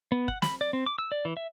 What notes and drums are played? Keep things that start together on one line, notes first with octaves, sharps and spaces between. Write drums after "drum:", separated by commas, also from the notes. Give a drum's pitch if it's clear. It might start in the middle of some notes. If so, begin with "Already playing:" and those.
B3
F#5, drum: kick
B5, drum: snare
D5
C4
D6
E6
D5
E3
E5